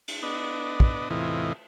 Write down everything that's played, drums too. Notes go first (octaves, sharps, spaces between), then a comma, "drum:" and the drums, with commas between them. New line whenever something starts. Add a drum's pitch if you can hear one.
drum: cymbal
B3 D4 D#5
drum: kick
E2 A2 C3 E3 F4 D#5